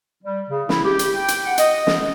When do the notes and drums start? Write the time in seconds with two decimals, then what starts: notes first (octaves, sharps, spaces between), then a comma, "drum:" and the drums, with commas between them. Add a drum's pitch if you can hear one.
0.23 G3
0.50 C#3
0.69 E4, drum: snare
0.83 G4
0.99 drum: hi-hat
1.14 G5
1.28 drum: hi-hat
1.45 F#5
1.58 D#5, drum: hi-hat
1.87 drum: snare